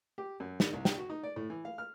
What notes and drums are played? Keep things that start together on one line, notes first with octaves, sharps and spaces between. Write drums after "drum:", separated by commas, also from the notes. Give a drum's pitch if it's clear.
G4
F#2
D#3, drum: snare
C2
G5, drum: snare
F#4
D#4
D5
A2
E3
F5
F6